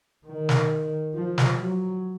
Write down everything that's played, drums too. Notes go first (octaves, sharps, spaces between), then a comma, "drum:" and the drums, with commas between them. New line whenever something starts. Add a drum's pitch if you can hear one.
D#3
drum: snare
F3
drum: snare
F#3